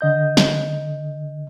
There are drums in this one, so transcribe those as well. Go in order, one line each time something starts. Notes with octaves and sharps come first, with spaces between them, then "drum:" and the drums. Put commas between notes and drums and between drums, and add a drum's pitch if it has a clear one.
D3 D#5 G6
drum: snare